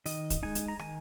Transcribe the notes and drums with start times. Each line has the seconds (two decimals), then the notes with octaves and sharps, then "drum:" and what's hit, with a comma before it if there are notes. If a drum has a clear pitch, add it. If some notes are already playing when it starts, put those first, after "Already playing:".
0.06 D#3 D#5, drum: open hi-hat
0.30 drum: kick, hi-hat
0.43 G#3 D#4 G#5
0.55 drum: hi-hat
0.68 A#5
0.79 D#3 G#5, drum: rim click